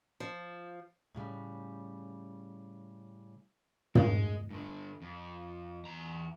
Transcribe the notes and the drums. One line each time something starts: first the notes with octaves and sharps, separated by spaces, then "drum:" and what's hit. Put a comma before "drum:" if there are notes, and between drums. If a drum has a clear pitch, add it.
F3
A2 C#3 G3
G#3, drum: tom
G2 D3
F2
E2 A#5